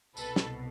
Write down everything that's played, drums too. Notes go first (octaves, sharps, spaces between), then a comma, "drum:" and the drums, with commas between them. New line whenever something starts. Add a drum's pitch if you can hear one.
C2 B2 A4 B4, drum: tambourine
drum: snare